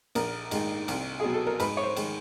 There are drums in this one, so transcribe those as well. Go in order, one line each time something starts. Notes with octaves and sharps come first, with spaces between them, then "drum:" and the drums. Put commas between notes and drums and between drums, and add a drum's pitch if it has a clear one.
A#1 A#4, drum: cymbal
G#2 D#3 G#3, drum: cymbal
C2, drum: cymbal
B2 F#3 G#4
A4
A#4
G#2 B4, drum: cymbal
C#5
C5
D#3 G#3, drum: cymbal